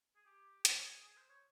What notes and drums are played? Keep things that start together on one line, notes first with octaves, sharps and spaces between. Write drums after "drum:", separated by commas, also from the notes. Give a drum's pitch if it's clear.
G#4
G4
G#4, drum: hi-hat
G#4
G#4
C5
C#5